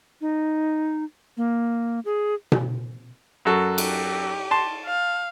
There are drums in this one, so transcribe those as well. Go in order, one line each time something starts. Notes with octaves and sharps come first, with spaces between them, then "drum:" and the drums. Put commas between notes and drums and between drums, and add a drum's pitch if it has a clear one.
D#4
A#3
G#4
drum: tom B2
F#2 F#4 A4
G4, drum: cymbal
A5 C6
F5